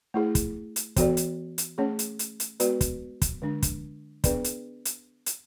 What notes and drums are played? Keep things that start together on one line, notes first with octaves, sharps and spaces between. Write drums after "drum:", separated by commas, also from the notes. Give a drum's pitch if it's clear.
A3 E4 G#4
drum: kick, hi-hat
drum: hi-hat
E3 B3 F#4 A4 D5, drum: kick, hi-hat
drum: hi-hat
drum: hi-hat
A3 C#4 G#4 C#5
drum: hi-hat
drum: hi-hat
drum: hi-hat
G#3 B3 F#4 B4 D5, drum: hi-hat
drum: kick, hi-hat
drum: kick, hi-hat
D3 G#3 D4
drum: kick, hi-hat
B3 D4 G#4 B4 D5, drum: kick, hi-hat
drum: hi-hat
drum: hi-hat
drum: hi-hat